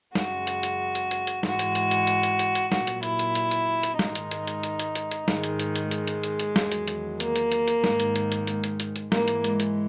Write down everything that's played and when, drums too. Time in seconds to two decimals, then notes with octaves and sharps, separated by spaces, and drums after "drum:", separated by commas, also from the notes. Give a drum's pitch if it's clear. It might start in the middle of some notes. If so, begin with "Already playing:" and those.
0.15 F#2 C#3 G#3 F#4, drum: snare
0.47 drum: hi-hat
0.63 drum: hi-hat
0.95 drum: hi-hat
1.11 drum: hi-hat
1.27 drum: hi-hat
1.43 G#2 E3 G#3 F#4, drum: snare
1.59 drum: hi-hat
1.75 drum: hi-hat
1.91 drum: hi-hat
2.07 drum: hi-hat
2.23 drum: hi-hat
2.39 drum: hi-hat
2.55 drum: hi-hat
2.72 A#2 F#3 F#4, drum: snare
2.87 drum: hi-hat
3.03 E4, drum: hi-hat
3.19 drum: hi-hat
3.35 drum: hi-hat
3.51 drum: hi-hat
3.83 drum: hi-hat
3.99 G#2 D#3 G#3 D#4, drum: snare
4.15 drum: hi-hat
4.31 drum: hi-hat
4.47 drum: hi-hat
4.63 drum: hi-hat
4.79 drum: hi-hat
4.95 drum: hi-hat
5.11 drum: hi-hat
5.28 G#2 D#3 G#3, drum: snare
5.43 drum: hi-hat
5.59 drum: hi-hat
5.76 drum: hi-hat
5.91 G#3, drum: hi-hat
6.08 drum: hi-hat
6.24 drum: hi-hat
6.40 drum: hi-hat
6.56 E2 D#3 F#3, drum: snare
6.72 drum: hi-hat
6.88 drum: hi-hat
7.20 A#3, drum: hi-hat
7.36 drum: hi-hat
7.52 drum: hi-hat
7.68 drum: hi-hat
7.84 G#2 D#3 G#3, drum: snare
8.00 drum: hi-hat
8.16 drum: hi-hat
8.32 drum: hi-hat
8.47 G#3, drum: hi-hat
8.64 drum: hi-hat
8.80 drum: hi-hat
8.96 drum: hi-hat
9.12 G#2 E3 G#3 A#3, drum: snare
9.28 drum: hi-hat
9.44 G#3, drum: hi-hat
9.60 drum: hi-hat